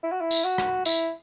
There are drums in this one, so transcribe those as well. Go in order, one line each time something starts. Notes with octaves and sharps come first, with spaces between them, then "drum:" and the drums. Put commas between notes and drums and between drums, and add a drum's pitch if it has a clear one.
E4
F#4
E4
drum: tambourine
F#4
drum: rim click
E4, drum: tambourine